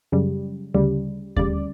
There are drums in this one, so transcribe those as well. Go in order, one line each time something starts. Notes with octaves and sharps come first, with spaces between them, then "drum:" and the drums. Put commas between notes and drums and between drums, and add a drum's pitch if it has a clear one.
F#2 C#3 G3
D2 C#3 G3
D2 C#3 G3 D5, drum: kick D#2